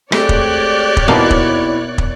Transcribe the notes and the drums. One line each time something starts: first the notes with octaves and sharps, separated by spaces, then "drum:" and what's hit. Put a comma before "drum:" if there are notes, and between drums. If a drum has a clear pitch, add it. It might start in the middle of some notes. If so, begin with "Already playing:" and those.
G#3 A3 C4 G4 C#5 D5 F#6, drum: rim click
drum: kick
drum: kick
B2 A#3 C4 D#4 E4 F5
drum: kick
drum: kick